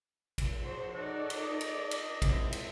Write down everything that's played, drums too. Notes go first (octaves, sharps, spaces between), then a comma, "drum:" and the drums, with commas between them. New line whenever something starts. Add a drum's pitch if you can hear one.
drum: kick, cymbal
F3 F#4 C5
D#4 F#4 A4 C#5 D5
drum: cymbal
D#5
drum: cymbal
drum: cymbal
G#2 C4 E4, drum: kick, cymbal
drum: cymbal